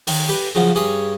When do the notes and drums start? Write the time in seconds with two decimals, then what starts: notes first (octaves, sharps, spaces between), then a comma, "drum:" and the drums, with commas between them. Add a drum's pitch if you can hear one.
0.07 D#3, drum: open hi-hat
0.29 G4 B4
0.55 C#3 F3 F#3
0.75 G2 C#4 G#4 C#5